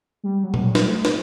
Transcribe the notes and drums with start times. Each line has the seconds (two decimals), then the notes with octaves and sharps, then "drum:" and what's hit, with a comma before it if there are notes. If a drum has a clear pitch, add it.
0.23 G3
0.44 F#3
0.54 drum: tom A#2
0.64 G3
0.75 drum: snare
0.85 A3
1.05 F#3, drum: snare